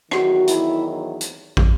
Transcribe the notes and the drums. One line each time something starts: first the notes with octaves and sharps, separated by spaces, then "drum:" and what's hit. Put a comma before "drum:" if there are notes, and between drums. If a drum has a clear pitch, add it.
E2 D#3 F#3 F#4, drum: rim click
E4, drum: hi-hat
drum: hi-hat
drum: kick